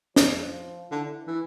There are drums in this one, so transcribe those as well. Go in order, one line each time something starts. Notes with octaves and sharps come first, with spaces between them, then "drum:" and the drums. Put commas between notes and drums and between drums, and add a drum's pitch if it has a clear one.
F3, drum: snare
D3 E3
E3